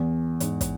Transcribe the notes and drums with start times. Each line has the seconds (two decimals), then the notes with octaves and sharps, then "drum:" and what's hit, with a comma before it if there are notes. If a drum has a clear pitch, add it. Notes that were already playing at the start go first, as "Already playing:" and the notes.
Already playing: E2
0.40 G#2, drum: hi-hat
0.61 drum: kick, hi-hat